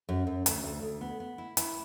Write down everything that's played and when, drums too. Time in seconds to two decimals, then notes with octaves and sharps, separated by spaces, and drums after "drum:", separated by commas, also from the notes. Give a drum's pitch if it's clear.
0.09 F#2
0.27 F#2
0.46 D2, drum: hi-hat
0.64 D2
0.82 D2
1.01 B3
1.20 B3
1.38 E4
1.57 E4, drum: hi-hat